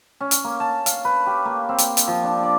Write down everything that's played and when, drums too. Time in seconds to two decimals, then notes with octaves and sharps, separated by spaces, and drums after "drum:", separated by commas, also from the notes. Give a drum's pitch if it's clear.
0.21 C#4
0.31 drum: hi-hat
0.44 A#3
0.60 A5
0.86 F5, drum: hi-hat
1.05 B4
1.27 G4
1.45 A#3
1.69 C4
1.78 drum: hi-hat
1.97 drum: hi-hat
2.08 F3
2.24 D4
2.43 D5